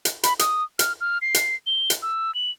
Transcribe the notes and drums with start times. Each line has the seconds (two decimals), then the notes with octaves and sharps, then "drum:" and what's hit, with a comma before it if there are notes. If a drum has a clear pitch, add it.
0.05 drum: hi-hat
0.23 B5, drum: hi-hat
0.39 D#6, drum: hi-hat
0.79 F6, drum: hi-hat
1.01 F6
1.22 C7
1.34 drum: hi-hat
1.67 G7
1.90 drum: hi-hat
2.02 E6
2.35 F#7